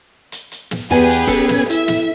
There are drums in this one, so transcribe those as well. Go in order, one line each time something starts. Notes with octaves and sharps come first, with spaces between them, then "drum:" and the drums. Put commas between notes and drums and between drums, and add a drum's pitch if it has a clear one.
drum: hi-hat
drum: hi-hat
drum: snare
E2 B3 G4 G#4 B4 G#5, drum: hi-hat
drum: hi-hat
B3 C#4 A4 G#6, drum: kick, hi-hat
drum: snare
E4 E5, drum: hi-hat
drum: snare